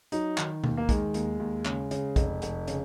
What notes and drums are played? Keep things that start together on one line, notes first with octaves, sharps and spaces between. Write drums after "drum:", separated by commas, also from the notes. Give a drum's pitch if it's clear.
F#3 D#4, drum: hi-hat
D#3, drum: clap
D#2, drum: tom B2
A#3
D#3 G#3, drum: kick, hi-hat
D#2, drum: hi-hat
D#2
C#3, drum: clap
C#3, drum: hi-hat
F1, drum: kick, hi-hat
F1, drum: hi-hat
C#3, drum: hi-hat